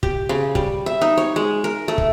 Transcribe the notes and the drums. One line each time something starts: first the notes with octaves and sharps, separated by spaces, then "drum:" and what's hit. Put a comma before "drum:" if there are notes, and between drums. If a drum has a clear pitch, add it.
G4, drum: kick
C#3
G3, drum: kick
E5
D#4
C#5
G#3
A#4
A3
drum: kick